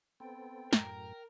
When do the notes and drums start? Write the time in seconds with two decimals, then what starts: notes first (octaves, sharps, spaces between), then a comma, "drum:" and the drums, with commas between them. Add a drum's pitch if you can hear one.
0.20 B3 C4 A4 G5
0.73 F#2 A2 A#4, drum: snare